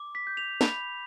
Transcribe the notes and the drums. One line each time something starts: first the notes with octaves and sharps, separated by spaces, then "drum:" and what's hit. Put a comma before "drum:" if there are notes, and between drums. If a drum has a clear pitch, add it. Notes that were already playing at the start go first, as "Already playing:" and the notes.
Already playing: D6
B6
G6
F7
B5 F7, drum: snare